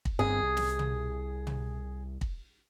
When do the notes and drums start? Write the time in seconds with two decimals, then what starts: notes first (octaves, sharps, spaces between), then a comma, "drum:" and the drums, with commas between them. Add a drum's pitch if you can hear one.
0.05 drum: kick
0.19 G1 G2 C4 G#4
0.42 C2
0.57 drum: snare
0.79 drum: tom
1.47 drum: tom
2.21 drum: kick